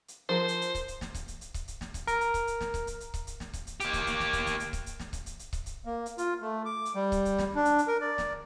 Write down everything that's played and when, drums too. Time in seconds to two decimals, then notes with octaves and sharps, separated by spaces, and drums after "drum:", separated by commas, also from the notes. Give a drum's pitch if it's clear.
0.08 drum: hi-hat
0.29 F3 A#4 C5
0.48 drum: hi-hat
0.61 drum: hi-hat
0.75 drum: kick C#1, hi-hat
0.88 drum: hi-hat
1.01 drum: snare
1.15 drum: kick C#1, hi-hat
1.28 drum: hi-hat
1.41 drum: hi-hat
1.54 drum: kick C#1, hi-hat
1.68 drum: hi-hat
1.81 drum: snare
1.94 drum: kick C#1, hi-hat
2.07 A#4, drum: hi-hat
2.21 drum: hi-hat
2.34 drum: kick C#1, hi-hat
2.47 drum: hi-hat
2.61 drum: snare
2.74 drum: kick C#1, hi-hat
2.87 drum: hi-hat
3.00 drum: hi-hat
3.14 drum: kick C#1, hi-hat
3.27 drum: hi-hat
3.40 drum: snare
3.53 drum: kick C#1, hi-hat
3.67 drum: hi-hat
3.80 A#3 G4, drum: hi-hat
3.93 drum: kick C#1, hi-hat
4.07 drum: hi-hat
4.20 drum: snare
4.33 drum: kick C#1, hi-hat
4.46 drum: hi-hat
4.60 drum: hi-hat
4.73 drum: kick C#1, hi-hat
4.86 drum: hi-hat
5.00 drum: snare
5.13 drum: kick C#1, hi-hat
5.26 drum: hi-hat
5.39 drum: hi-hat
5.53 drum: kick C#1, hi-hat
5.66 drum: hi-hat
5.85 A#3
6.06 drum: hi-hat
6.18 F4, drum: hi-hat
6.41 A3
6.65 D6
6.85 drum: hi-hat
6.95 G3
7.12 drum: kick C#1, hi-hat
7.25 drum: hi-hat
7.38 drum: snare
7.55 D4
7.65 drum: hi-hat
7.78 drum: hi-hat
7.88 A#4
8.01 D5
8.18 drum: snare